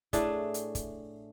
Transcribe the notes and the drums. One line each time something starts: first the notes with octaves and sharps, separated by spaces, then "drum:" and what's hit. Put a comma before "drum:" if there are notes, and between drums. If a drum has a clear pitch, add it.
A2 A3 D4 G#4, drum: kick, hi-hat
drum: hi-hat
drum: kick, hi-hat